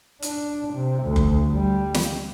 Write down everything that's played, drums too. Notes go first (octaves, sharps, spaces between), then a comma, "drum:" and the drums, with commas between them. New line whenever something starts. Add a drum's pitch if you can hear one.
D4, drum: hi-hat
C3
D2
drum: kick F#1
G3
drum: snare